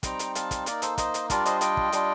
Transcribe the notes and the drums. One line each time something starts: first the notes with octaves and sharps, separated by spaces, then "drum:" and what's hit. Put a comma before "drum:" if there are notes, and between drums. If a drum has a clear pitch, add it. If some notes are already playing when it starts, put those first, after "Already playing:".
G3 C4 D#4 G5 A#5, drum: kick, hi-hat
drum: hi-hat
F5 A5, drum: hi-hat
drum: kick, hi-hat
A#3 D#4 A#4 D5, drum: hi-hat
A4 C5, drum: hi-hat
C5 D#5, drum: kick, hi-hat
drum: hi-hat
G3 D4 F4 A#4 D5, drum: kick, hi-hat
C5 D#5, drum: hi-hat
D#5 G5, drum: hi-hat
drum: kick
G3 D4 F4, drum: hi-hat